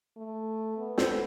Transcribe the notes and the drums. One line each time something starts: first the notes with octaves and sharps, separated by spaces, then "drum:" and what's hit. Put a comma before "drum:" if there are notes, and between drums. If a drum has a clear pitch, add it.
A3
B3
A4 C5, drum: snare